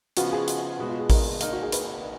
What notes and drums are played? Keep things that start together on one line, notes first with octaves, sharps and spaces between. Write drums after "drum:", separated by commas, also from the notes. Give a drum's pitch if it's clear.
C#3 F3 B3 F4 F#4, drum: hi-hat
G#4
drum: hi-hat
B2 G#3 B3 F#4
F4
G#4
A#4, drum: kick A1, open hi-hat
G#4
A#3 D#4 A#4, drum: hi-hat
F#4
G#4
B4, drum: hi-hat